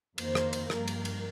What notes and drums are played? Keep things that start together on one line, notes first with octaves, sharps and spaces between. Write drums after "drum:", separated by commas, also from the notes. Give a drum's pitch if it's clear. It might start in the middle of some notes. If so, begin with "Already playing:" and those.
F2 D#3 A#3 C5, drum: cymbal
drum: rim click
drum: cymbal
G2 F3 A#3 A#4, drum: rim click
drum: cymbal
drum: cymbal